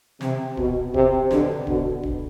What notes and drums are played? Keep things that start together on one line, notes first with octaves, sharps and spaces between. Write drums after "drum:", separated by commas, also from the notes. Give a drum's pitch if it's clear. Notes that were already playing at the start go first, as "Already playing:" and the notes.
C3, drum: snare
B2, drum: kick D1
C3, drum: kick D1
B2 D3, drum: snare
B2 D3, drum: kick D1
drum: kick D1